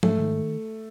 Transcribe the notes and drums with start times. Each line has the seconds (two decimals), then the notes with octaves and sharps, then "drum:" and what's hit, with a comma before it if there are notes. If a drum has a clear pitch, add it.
0.03 G#2 A3, drum: tom
0.19 D#3